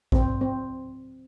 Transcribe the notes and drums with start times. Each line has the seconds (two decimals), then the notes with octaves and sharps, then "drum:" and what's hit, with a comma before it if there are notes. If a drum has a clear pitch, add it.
0.12 C4, drum: kick A1
0.41 C4